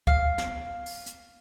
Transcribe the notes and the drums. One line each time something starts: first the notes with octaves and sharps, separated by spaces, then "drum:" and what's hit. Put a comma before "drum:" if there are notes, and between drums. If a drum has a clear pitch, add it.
F5, drum: kick
drum: snare
drum: open hi-hat
drum: hi-hat